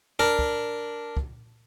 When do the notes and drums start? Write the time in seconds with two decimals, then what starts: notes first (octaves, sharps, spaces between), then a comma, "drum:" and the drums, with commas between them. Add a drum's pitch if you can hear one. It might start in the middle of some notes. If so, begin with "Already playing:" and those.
0.19 D4 A#4
0.39 drum: kick
1.17 drum: kick